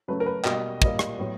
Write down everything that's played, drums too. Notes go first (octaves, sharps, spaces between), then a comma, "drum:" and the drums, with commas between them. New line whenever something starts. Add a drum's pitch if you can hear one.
C#3 F#3 A3 B4
A#4
B4
B2 G3 A#3 D#5, drum: clap
A#2 G3 A#3 D#5, drum: kick
drum: rim click
A2 F#3 B3